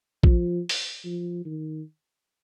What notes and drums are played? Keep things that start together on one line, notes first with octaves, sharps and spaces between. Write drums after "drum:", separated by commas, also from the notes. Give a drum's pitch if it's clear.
F3, drum: kick A#1
drum: open hi-hat
F3
D#3